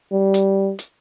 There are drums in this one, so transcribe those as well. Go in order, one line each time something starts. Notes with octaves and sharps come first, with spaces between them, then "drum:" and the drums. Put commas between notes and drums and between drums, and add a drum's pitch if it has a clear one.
G3
drum: hi-hat
drum: hi-hat